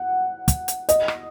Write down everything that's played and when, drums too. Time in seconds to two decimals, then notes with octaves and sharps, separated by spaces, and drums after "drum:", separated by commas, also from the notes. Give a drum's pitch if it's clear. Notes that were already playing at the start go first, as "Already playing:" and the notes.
Already playing: F#5
0.48 drum: kick, hi-hat
0.68 drum: hi-hat
0.89 D#5, drum: hi-hat
1.08 drum: rim click